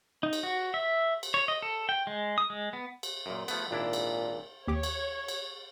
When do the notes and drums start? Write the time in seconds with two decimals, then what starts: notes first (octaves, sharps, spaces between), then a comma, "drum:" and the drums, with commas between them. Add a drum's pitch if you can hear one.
0.23 D#4
0.33 drum: cymbal
0.43 F#4
0.74 E5
1.23 drum: cymbal
1.34 C#5
1.48 D#5
1.62 A4
1.89 G5
2.07 G#3
2.38 D#6
2.50 G#3
2.73 B3
3.03 drum: cymbal
3.26 F#2 A#2
3.48 F3 A3 B3, drum: cymbal
3.71 G#1 A#2 D4 E4
3.93 drum: cymbal
4.67 D#2 G4 C#5 D6
4.83 drum: cymbal
5.28 drum: cymbal